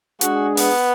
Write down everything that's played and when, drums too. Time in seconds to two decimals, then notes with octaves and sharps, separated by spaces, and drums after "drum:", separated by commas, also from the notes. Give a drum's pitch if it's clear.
0.21 G#3 D4 F#4 G#4, drum: hi-hat
0.57 B3, drum: open hi-hat